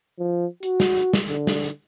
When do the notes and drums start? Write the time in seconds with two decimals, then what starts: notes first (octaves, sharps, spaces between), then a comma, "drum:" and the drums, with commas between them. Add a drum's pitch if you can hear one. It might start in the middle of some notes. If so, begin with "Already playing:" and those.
0.19 F3
0.63 F#4, drum: hi-hat
0.80 drum: snare
0.97 drum: hi-hat
1.14 drum: snare
1.28 D3, drum: hi-hat
1.47 drum: snare
1.64 drum: hi-hat